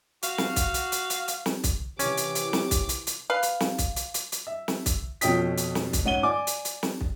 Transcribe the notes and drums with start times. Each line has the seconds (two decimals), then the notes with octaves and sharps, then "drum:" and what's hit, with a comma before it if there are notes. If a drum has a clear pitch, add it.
0.22 F#4 F5, drum: hi-hat
0.38 drum: snare
0.56 drum: kick, hi-hat
0.74 drum: hi-hat
0.92 drum: hi-hat
1.10 drum: hi-hat
1.28 drum: hi-hat
1.46 drum: snare
1.64 drum: kick, hi-hat
1.99 C3 E3 C#4 G4 D6, drum: hi-hat
2.17 drum: hi-hat
2.35 drum: hi-hat
2.53 drum: snare
2.71 drum: kick, hi-hat
2.89 drum: hi-hat
3.07 drum: hi-hat
3.30 B4 F5
3.43 drum: hi-hat
3.60 drum: snare
3.78 drum: kick, hi-hat
3.96 drum: hi-hat
4.14 drum: hi-hat
4.32 drum: hi-hat
4.47 E5
4.68 drum: snare
4.86 drum: kick, hi-hat
5.21 F2 B2 C#4 G5 D#6 B6, drum: hi-hat
5.57 drum: hi-hat
5.75 drum: snare
5.93 drum: kick, hi-hat
6.05 G#2 C#4 F#5 D#7 G7
6.23 D5 G#5 D6
6.47 drum: hi-hat
6.65 drum: hi-hat
6.83 drum: snare
7.01 drum: kick